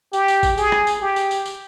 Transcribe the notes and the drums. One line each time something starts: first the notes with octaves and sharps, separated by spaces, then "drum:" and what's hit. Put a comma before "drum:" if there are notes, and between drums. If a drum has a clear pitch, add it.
G4, drum: tambourine
drum: tambourine
drum: kick G#1, tambourine
G#4, drum: tambourine
drum: rim click
drum: tambourine
G4
drum: tambourine
drum: tambourine
drum: tambourine